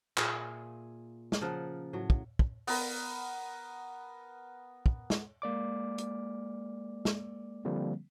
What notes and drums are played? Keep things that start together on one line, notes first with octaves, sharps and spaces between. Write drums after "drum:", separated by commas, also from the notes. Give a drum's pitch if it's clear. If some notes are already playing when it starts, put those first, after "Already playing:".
A#2 A#3 G#4 E5, drum: clap
drum: snare
C#3 F3 A#4 F#5
A2 F#3
drum: kick
drum: kick
B3 A#4, drum: open hi-hat
drum: kick
drum: snare
G#3 A#3 D5 D6
drum: hi-hat
drum: snare
D3 F3 G3 A#3 C4